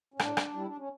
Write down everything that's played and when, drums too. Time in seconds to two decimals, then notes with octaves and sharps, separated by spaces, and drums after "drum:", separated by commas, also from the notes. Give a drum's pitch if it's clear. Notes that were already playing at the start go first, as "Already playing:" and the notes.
0.14 C#4
0.19 A2 D4, drum: rim click
0.37 drum: rim click
0.53 G3 E4
0.66 D4
0.78 C#4